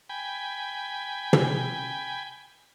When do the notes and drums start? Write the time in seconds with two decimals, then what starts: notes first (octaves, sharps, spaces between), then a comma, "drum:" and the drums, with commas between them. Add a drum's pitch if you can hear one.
0.09 G5 G#5 B5
1.33 drum: tom